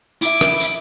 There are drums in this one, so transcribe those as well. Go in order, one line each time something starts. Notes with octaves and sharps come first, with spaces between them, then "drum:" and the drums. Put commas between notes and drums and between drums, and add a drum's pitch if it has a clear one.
E4 E5 D6, drum: tambourine
drum: rim click
drum: tambourine